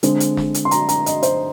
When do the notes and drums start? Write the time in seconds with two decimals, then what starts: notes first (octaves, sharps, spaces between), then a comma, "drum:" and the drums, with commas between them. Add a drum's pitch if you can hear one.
0.03 D3 G#3 C4, drum: hi-hat
0.20 drum: hi-hat
0.37 drum: snare
0.54 drum: hi-hat
0.65 C6
0.71 A#5, drum: hi-hat
0.89 A#5, drum: hi-hat
1.06 D#5, drum: hi-hat
1.23 C5, drum: hi-hat